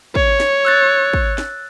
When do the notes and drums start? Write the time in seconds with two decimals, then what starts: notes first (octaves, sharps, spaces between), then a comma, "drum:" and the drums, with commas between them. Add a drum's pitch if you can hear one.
0.15 C#5, drum: kick
0.40 drum: snare
0.65 E6 F#6 A6
1.13 drum: kick
1.38 drum: snare